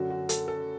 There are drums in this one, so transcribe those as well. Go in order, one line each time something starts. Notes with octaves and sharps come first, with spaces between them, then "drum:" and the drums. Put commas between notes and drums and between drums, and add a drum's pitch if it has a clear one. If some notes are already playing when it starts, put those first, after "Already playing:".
Already playing: F#2 D3 F#3 F#4
F#4
A4, drum: hi-hat
A4